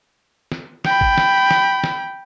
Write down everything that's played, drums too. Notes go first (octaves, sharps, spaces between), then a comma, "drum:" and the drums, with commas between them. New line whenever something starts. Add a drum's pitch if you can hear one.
drum: snare
G5 B5, drum: snare
drum: kick
drum: snare
drum: snare
drum: snare